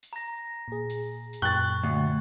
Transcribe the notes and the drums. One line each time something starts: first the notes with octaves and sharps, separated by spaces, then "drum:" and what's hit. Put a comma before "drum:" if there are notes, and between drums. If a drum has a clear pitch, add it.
drum: hi-hat
A#5 A#6
A#2 G#4
drum: hi-hat
drum: hi-hat
F#2 A#2 G5 C#6 F#6 A6
D2